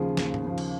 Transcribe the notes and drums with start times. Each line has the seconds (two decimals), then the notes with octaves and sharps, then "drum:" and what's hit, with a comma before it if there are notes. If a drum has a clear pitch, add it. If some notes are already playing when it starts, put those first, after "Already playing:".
Already playing: D#2 C#3 F3 G#4
0.17 D#2, drum: snare
0.34 drum: tom G#2
0.45 C#3 F3
0.58 drum: cymbal